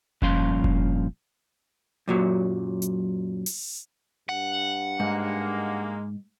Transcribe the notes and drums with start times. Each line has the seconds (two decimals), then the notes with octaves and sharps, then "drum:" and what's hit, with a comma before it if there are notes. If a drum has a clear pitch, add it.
0.22 G2 A#2 F3 C#4 F5 C6, drum: kick F1
0.64 drum: kick F1
2.08 F#2 A#2 F#3
2.82 drum: hi-hat
3.46 drum: open hi-hat
4.29 G2 F#5
5.00 G#2 G#3 A#3